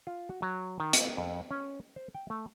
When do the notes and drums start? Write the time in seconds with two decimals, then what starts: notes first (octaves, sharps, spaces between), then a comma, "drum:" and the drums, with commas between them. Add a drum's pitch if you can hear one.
0.07 F4
0.29 F#4
0.42 F#3
0.80 D#3
0.93 F4, drum: hi-hat
1.17 F2
1.51 C#4
1.96 C5
2.15 G5
2.30 A3